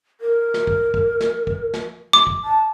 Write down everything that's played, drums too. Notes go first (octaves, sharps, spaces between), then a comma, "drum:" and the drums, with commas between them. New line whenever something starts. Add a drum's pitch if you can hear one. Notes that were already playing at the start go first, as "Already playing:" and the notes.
A#4
drum: snare
drum: kick
drum: kick
drum: snare
drum: kick
drum: snare
D6, drum: snare
drum: kick
A5